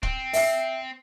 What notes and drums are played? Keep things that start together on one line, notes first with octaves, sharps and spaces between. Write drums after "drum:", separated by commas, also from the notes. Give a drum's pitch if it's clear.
C4, drum: kick
E5 C7, drum: open hi-hat